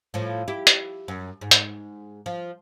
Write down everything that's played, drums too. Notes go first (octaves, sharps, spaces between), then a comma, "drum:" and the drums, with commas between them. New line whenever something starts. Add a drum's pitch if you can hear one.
A2 F3
E4 G4
drum: hi-hat
F#2
G#2
drum: hi-hat
F3